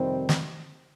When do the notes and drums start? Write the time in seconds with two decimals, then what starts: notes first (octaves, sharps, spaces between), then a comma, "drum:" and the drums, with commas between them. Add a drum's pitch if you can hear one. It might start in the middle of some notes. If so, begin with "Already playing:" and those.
Already playing: F2 C3 D#3 G3 C4
0.29 drum: snare